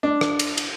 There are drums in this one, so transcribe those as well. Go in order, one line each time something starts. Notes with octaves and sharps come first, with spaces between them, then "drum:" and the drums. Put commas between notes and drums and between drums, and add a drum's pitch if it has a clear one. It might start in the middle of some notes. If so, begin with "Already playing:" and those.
D4
drum: rim click
drum: cymbal
drum: cymbal